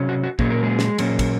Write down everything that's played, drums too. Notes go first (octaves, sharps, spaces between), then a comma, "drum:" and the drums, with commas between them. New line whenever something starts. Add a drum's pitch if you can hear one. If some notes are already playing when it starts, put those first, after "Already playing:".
Already playing: C3 F#3 C#4
F#4
F#4
A#2 F#3 A#3 C#4 G#4, drum: kick
A#4
G#3 G#4
drum: snare
A#2 F#3 A#3 C#4, drum: cymbal
drum: kick, cymbal